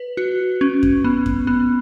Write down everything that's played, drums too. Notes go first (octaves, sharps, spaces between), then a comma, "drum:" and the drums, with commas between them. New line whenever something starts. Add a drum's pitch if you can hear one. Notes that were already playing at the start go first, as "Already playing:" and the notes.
Already playing: B4
F#4
C#4
drum: kick F#2
B3
drum: kick F#2
B3